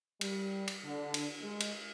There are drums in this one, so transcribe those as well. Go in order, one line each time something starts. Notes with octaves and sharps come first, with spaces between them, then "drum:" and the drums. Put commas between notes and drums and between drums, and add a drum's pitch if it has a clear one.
G3, drum: cymbal
drum: cymbal
D3
drum: cymbal
G#3
drum: cymbal